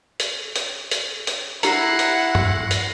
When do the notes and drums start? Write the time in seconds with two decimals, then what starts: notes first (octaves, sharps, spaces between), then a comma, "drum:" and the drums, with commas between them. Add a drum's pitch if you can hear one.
0.20 drum: hi-hat
0.56 drum: hi-hat
0.91 drum: hi-hat
1.27 drum: hi-hat
1.63 E4 G4 F#5 A#5 A#6 C7 C#7, drum: hi-hat
1.99 drum: hi-hat
2.35 drum: tom G2
2.71 drum: hi-hat